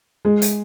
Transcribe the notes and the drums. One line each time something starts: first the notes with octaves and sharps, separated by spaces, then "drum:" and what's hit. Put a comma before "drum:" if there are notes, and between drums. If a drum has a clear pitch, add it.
G#3
drum: hi-hat